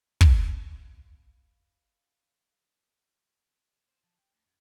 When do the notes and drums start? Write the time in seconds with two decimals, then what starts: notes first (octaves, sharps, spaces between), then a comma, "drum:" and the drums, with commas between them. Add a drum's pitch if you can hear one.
0.21 drum: kick
0.68 F5 B5
3.88 C5
4.03 F3
4.18 G5
4.33 D2
4.47 F#2